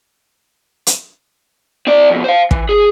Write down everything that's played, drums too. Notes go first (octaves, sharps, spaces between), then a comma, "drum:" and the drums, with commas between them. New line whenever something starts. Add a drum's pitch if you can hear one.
drum: hi-hat
C4 D5
F2 B2
C5 F5
E3, drum: kick
G#4